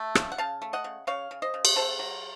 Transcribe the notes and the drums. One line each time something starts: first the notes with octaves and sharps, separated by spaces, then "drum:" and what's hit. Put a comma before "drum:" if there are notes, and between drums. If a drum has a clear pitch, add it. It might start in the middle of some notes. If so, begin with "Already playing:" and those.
Already playing: A3
C#3, drum: rim click
F#5
C#3 F5 A5
A3
D#5 F#5
C#3
C#3 C#5 F5
C#3
C5 D#5
C#3
drum: cymbal
C3 A4 C5
F#3